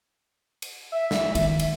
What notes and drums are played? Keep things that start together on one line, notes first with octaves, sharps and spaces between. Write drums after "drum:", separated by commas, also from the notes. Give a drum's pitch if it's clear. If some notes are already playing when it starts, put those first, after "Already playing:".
drum: cymbal
E5
drum: snare
D#3, drum: cymbal
drum: cymbal